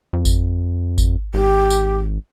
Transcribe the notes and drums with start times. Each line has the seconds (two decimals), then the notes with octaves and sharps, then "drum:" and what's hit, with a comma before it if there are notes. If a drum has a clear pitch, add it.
0.13 F2
0.25 drum: kick G#1, tambourine
0.98 drum: kick G#1, tambourine
1.34 G#1 G4
1.70 drum: tambourine